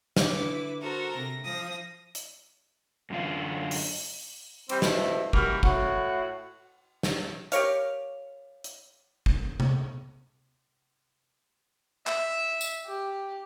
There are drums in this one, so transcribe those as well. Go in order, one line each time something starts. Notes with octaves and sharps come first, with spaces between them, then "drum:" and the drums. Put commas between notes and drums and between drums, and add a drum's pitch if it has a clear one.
D3 E4 B4 D6, drum: snare
F#4 A4 A#4 C5
C3 A#6
F3 D#6 A#6
drum: hi-hat
F#2 D3 F4
drum: open hi-hat
E3 G3 C4, drum: cymbal
G2 B2 A3 C4 E4, drum: snare
E3 G3 F#4 A#4, drum: kick
A2 F#4, drum: kick
drum: snare
G4 A#4 C#5 F5, drum: hi-hat
drum: hi-hat
drum: kick
drum: tom C3
E5, drum: clap
drum: tambourine
G4